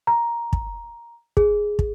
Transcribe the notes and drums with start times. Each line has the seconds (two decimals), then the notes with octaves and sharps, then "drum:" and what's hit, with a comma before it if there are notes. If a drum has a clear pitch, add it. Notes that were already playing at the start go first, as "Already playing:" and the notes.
0.07 A#5
0.53 drum: kick
1.37 G#4, drum: kick
1.79 drum: kick